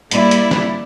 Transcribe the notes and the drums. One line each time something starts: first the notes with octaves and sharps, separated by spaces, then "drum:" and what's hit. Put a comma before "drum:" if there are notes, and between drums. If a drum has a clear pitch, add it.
G3 A#3 E4 D5, drum: hi-hat
drum: hi-hat
drum: snare